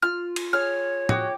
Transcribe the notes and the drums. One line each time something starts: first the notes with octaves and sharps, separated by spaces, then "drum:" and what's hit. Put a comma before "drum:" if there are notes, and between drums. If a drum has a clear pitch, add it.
F4 F6
drum: cymbal
G#4 C#5 F6
F#4 D#5 G5 D6, drum: tom